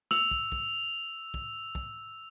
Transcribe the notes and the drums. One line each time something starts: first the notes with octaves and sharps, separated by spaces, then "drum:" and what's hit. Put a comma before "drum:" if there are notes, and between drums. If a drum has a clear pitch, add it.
E6 F7, drum: snare
drum: kick
drum: kick
drum: kick
drum: kick